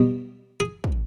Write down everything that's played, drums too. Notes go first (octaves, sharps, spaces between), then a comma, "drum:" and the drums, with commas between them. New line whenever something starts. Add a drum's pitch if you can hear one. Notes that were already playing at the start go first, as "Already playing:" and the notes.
Already playing: B2 G3 G4
G#4
drum: kick